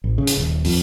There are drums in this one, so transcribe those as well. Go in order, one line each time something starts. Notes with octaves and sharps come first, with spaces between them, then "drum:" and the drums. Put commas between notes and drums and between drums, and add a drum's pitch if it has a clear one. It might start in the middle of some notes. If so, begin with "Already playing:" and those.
A1
C#3
drum: hi-hat
D#1
F2, drum: open hi-hat